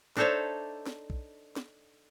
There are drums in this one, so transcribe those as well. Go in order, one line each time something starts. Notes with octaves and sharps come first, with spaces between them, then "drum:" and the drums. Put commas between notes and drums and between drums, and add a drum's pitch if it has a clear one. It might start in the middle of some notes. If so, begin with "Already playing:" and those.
D4 D#4 A4 C5 C#5 E5, drum: snare
drum: snare
drum: kick B1
drum: snare